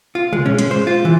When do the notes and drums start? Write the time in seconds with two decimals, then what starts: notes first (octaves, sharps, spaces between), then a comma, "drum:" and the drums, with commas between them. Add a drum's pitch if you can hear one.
0.15 F4
0.33 G#3, drum: tom
0.46 C#4
0.59 G#3, drum: hi-hat
0.71 C5
0.87 F4
1.05 E3